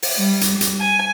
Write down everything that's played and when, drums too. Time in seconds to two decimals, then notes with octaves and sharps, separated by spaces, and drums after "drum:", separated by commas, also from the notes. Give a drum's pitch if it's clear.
0.02 drum: open hi-hat
0.16 G3
0.41 drum: hi-hat
0.61 drum: hi-hat
0.80 G#5